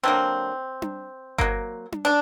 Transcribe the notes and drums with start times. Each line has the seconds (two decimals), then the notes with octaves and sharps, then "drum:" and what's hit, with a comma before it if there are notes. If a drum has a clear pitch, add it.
0.03 D3 F#3 A#3 C4
0.82 drum: tom D4
1.38 F#3 A#3, drum: kick G1
1.92 drum: tom D4
2.05 D4